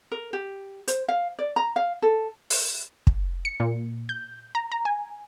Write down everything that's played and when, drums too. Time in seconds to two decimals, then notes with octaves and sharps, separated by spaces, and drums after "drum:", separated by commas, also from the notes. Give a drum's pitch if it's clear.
0.12 A#4
0.33 G4
0.88 C5, drum: hi-hat
1.08 F5
1.39 D5
1.56 A#5
1.76 F5
2.02 A4
2.50 drum: open hi-hat
3.07 drum: kick
3.45 C#7
3.60 A#2
4.09 G6
4.55 A#5
4.72 A#5
4.85 G#5